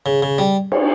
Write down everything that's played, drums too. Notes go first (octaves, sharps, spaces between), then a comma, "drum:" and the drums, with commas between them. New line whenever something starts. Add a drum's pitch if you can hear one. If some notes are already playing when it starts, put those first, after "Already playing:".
C#3
C#3
G3
drum: cymbal